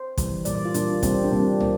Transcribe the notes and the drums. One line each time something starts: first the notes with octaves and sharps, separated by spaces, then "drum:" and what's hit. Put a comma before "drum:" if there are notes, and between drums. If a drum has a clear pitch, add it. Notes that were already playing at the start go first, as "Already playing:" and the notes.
Already playing: C5
C3 E3 G3, drum: kick, hi-hat
A#2 G3 A#3 D5, drum: hi-hat
D5
F4
A#2 G3 A#3 D4, drum: hi-hat
C3 G3 A#3 C4, drum: kick, hi-hat
D4
C3 G3 A#3 C4
A#3, drum: tom